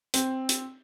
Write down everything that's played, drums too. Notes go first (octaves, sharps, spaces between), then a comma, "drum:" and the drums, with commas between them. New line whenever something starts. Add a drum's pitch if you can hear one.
C4, drum: hi-hat
drum: hi-hat